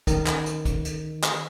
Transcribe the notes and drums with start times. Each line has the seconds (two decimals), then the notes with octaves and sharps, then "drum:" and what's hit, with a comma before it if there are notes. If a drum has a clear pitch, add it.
0.07 D#3, drum: kick, hi-hat
0.27 drum: clap
0.46 drum: hi-hat
0.65 drum: kick, hi-hat
0.85 drum: hi-hat
1.24 drum: clap